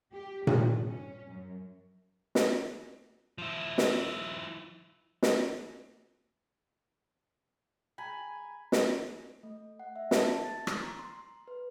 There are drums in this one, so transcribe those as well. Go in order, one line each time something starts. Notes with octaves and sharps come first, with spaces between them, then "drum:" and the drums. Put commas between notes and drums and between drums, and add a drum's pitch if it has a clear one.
G4
G2, drum: tom A#2
C#4
F#2
drum: snare
F3 E4
drum: snare
drum: snare
G#5 A#5 B5
drum: snare
A3
F#5
E5
A5, drum: snare
A6
drum: rim click
A#5
C6
B4